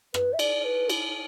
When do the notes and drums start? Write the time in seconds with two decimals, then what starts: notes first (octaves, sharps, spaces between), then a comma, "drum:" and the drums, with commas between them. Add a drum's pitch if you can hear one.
0.14 B4, drum: rim click
0.33 E5
0.39 D5, drum: cymbal
0.64 B4
0.90 E4, drum: cymbal